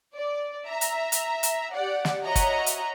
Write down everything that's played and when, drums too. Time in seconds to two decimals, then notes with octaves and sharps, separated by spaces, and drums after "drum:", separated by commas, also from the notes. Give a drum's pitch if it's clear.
0.15 D5
0.67 E5 A#5
0.81 drum: hi-hat
1.12 drum: hi-hat
1.43 drum: hi-hat
1.74 G4 D5 F#5
2.05 drum: snare
2.24 F#4 C#5 D#5 E5 F#5 A#5
2.36 drum: kick, hi-hat
2.66 drum: hi-hat